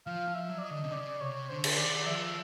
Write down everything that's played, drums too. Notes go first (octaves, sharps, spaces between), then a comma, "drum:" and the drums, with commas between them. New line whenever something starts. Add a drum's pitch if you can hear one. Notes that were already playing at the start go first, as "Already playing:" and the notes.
F3 F5
F3
E5
F#3
D5
D#5
D3
C3
C#3 D5
C3 C#5
D3 C5
drum: cymbal
D#3 D5
F3 E5